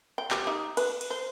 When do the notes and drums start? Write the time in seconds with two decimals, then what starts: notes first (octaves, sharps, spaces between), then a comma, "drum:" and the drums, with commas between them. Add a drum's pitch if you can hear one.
0.18 G5
0.31 G4, drum: clap
0.47 D#4
0.77 B4, drum: cymbal
1.01 drum: cymbal
1.10 C5